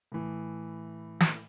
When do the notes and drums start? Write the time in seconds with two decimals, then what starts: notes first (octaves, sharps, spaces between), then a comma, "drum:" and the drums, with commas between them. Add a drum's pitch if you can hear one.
0.12 A2 E3
1.20 drum: snare